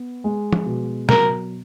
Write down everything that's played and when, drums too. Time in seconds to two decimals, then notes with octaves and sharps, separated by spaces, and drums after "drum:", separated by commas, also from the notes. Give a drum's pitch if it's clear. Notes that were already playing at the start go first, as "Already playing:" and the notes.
Already playing: B3
0.24 G#3
0.53 drum: tom
0.66 B2
1.09 F#3 A#4, drum: snare